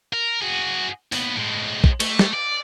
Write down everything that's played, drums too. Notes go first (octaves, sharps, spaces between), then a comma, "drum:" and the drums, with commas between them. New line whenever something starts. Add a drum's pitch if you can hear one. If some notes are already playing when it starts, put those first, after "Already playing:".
A#4
F#4 G#4
D#2 B3, drum: open hi-hat
A2 G#3
drum: kick
A3, drum: cymbal
drum: snare
D5